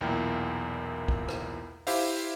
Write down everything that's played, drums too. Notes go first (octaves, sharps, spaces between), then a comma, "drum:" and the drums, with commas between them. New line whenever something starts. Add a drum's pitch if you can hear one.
B1 E2 A#2 E4 A#4 G5
drum: kick B1
drum: rim click
E4 G4 C5 E5 F5, drum: open hi-hat